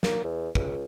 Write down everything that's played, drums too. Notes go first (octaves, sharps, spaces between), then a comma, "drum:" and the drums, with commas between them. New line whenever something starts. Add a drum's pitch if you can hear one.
A#3, drum: snare
E2
C#2, drum: kick